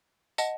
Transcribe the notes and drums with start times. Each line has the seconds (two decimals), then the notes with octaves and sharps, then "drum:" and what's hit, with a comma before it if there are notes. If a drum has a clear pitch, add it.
0.38 D#5 F#5 A5, drum: tambourine